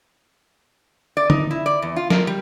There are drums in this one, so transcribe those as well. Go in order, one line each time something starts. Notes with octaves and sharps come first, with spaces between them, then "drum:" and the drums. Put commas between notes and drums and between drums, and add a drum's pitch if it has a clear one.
D5
D#4, drum: tom D3
E4
D5
E2
F4
A#4, drum: snare F#3
G3